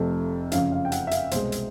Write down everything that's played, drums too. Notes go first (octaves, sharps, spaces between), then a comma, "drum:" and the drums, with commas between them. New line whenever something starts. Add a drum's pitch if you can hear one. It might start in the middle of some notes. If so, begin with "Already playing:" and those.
Already playing: F1 F2 C3 F3 A3
F#2 C#3 F3 F5, drum: hi-hat
F5
G5
F#5, drum: hi-hat
E5
F5, drum: hi-hat
C2 B2 G#3 C5, drum: hi-hat
drum: hi-hat